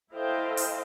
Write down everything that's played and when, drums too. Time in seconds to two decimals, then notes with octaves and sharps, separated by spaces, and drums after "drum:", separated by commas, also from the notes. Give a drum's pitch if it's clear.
0.14 E4 A4 C5 D#5 F5 G5
0.57 drum: open hi-hat